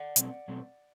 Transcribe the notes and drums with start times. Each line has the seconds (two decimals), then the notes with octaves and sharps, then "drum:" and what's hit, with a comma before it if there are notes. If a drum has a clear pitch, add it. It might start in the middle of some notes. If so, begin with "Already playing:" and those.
Already playing: D5 F#5
0.16 B2 F#3 A3 C4, drum: hi-hat
0.48 B2 F#3 A3 C4